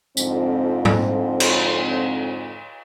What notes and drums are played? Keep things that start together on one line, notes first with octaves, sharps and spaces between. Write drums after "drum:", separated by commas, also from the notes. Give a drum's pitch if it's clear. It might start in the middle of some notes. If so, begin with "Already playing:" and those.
F2 G#2 D3 F3 C4, drum: tambourine
drum: tom
drum: cymbal